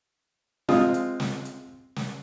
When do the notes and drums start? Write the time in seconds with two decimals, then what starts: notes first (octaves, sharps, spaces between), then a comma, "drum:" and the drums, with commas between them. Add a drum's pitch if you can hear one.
0.69 G#3 C4 F4 D#6, drum: snare
0.94 drum: hi-hat
1.20 drum: snare
1.45 drum: hi-hat
1.96 drum: snare